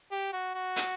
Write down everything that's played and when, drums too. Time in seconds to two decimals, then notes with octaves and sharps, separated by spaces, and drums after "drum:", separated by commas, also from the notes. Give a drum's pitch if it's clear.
0.12 G4
0.33 F#4
0.55 F#4
0.76 drum: hi-hat